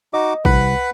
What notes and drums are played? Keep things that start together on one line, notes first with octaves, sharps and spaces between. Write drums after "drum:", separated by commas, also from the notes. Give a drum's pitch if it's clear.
D#4 F#4 D#5 D6
C2 B4 F#5 B5, drum: kick A1